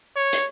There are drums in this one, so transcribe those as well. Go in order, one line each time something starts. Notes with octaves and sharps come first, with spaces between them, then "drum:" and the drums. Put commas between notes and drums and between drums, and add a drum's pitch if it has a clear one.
C#5
drum: hi-hat